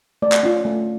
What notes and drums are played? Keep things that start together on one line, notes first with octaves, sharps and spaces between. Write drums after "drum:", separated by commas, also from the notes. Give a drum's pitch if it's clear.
A3 D5
drum: clap
C#4 F4
A3